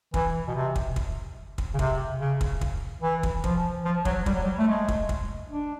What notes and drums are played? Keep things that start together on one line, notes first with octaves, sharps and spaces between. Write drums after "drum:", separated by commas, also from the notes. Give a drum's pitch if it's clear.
E3, drum: kick
B2
C3
drum: kick
drum: kick
drum: kick
C#3
C3, drum: kick
C#3
drum: kick
drum: kick
E3
drum: kick
F3, drum: kick
F3
F#3, drum: kick
G3, drum: kick
F#3
G3
A3
G#3
drum: kick
drum: kick
D4